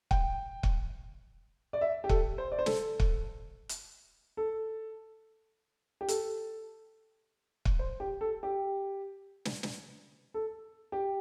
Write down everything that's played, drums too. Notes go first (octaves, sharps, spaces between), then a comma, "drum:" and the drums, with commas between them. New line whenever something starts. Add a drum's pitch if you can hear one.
G5, drum: kick
drum: kick
D5
E5
G4
A4, drum: kick
C5
D5
C5
A4, drum: snare
drum: kick
drum: hi-hat
A4
G4
A4, drum: hi-hat
drum: kick
C5
G4
A4
G4
drum: snare
drum: snare
A4
G4